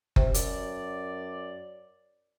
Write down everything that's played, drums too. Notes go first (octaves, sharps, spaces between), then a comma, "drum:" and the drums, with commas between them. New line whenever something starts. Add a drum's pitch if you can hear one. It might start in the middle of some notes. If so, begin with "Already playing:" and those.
C3, drum: kick F#1
F#2 D5, drum: hi-hat